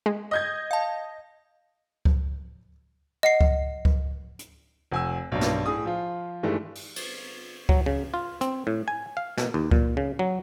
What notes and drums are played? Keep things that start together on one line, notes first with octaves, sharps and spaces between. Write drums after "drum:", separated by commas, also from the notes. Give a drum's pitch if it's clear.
G#3
D#5 G6 G#6
F5 A5
drum: kick C#2
D#5 F#5 C7
drum: kick C#2
drum: kick C#2
drum: hi-hat
F1 G#5 E6
B1 G2
drum: snare
A2 G#4 D#6
F3 F4
G2 D#3 E3 G#3 A3 G4
drum: open hi-hat
drum: cymbal
F#3, drum: kick C#2
C#3
F4
C4, drum: hi-hat
A2
G#5
F5
B2, drum: snare
D#2
A#2, drum: kick C#2
C#3
F#3